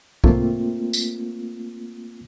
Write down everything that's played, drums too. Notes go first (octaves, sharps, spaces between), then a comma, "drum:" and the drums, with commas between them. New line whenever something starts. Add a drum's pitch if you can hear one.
A3 A#3 C4 F4, drum: kick C2
drum: tambourine